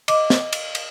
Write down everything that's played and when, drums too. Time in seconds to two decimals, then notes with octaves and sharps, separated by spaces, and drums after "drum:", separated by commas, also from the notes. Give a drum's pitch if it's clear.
0.08 D#5 D6, drum: cymbal
0.30 drum: snare
0.53 drum: cymbal
0.75 drum: cymbal